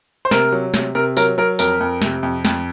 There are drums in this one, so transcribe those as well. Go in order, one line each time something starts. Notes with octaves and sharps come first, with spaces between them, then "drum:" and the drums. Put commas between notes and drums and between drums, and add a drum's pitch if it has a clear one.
C5
C3 A#4, drum: snare
F#3
C3, drum: snare
C3 A#4
F#3 A#4, drum: tambourine
F#3 A#4
F2 A#4, drum: tambourine
F2
C3, drum: snare
F2
F2, drum: snare